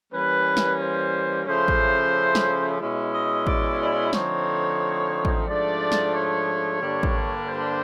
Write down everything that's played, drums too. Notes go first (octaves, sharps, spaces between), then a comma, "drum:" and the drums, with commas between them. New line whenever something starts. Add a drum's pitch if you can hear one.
E3 G3 A#3 C#4 B4
drum: snare
C5
C#3 F3 A3 C#4 E4 C5
drum: kick A1
drum: snare
B2 G#3 C#4 E4
D#5
D5, drum: kick A1
D5
D3 F3 A3 C4 D#4 C#5, drum: snare
drum: kick A1
G#2 F3 A3 D4 D5
drum: snare
C#5
G2 D3 G3 A#3 D4
drum: kick A1
C5